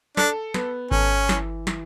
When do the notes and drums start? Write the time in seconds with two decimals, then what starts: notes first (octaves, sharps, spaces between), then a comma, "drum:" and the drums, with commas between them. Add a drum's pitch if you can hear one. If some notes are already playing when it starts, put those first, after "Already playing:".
0.17 D4 A4, drum: snare
0.54 B3, drum: snare
0.91 C#4 A4, drum: kick G#1
1.29 E3, drum: snare
1.67 E3, drum: snare